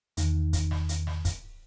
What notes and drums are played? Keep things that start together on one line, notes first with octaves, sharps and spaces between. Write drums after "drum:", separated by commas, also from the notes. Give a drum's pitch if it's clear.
E2 D#3, drum: hi-hat
drum: kick, hi-hat
drum: snare
drum: hi-hat
drum: snare
drum: kick, hi-hat